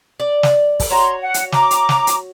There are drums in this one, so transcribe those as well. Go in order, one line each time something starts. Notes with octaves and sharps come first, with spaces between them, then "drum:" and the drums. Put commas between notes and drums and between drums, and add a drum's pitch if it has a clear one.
D5
drum: snare
drum: kick, open hi-hat
F#4 C#5 A#5 C6
F#5
drum: hi-hat
A#5 D6, drum: snare
drum: hi-hat
drum: snare
drum: hi-hat